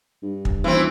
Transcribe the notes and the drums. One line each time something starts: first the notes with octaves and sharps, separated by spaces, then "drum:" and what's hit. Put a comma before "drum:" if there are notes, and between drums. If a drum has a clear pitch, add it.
G2
drum: kick
D#1 E3 C4